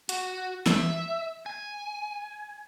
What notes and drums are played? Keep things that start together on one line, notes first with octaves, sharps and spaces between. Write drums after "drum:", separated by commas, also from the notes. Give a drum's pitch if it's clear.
F#4, drum: hi-hat
E5, drum: snare
G#5